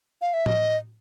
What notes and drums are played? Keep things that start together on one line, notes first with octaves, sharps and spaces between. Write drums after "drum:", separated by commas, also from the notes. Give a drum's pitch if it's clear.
F5
E5
D#5, drum: tom A2